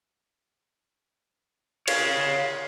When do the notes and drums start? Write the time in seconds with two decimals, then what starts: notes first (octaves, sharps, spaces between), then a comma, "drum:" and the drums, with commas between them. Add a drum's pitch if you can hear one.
1.88 C#5 F5, drum: cymbal